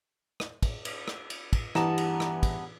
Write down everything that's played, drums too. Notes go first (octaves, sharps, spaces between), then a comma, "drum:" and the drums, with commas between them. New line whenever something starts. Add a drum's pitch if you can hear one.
drum: rim click
drum: kick, cymbal
drum: cymbal
drum: rim click
drum: cymbal
drum: kick, cymbal
G2 E3 B3 A5 A#5 E7, drum: rim click
drum: cymbal
drum: rim click
drum: kick, cymbal